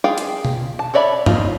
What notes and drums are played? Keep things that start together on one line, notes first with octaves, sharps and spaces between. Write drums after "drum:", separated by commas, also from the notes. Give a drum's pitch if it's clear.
F4 G#4 F5 G5
drum: hi-hat
drum: tom B2
A5
A4 C#5 D5 E5 B5
F3 D#4 F4, drum: tom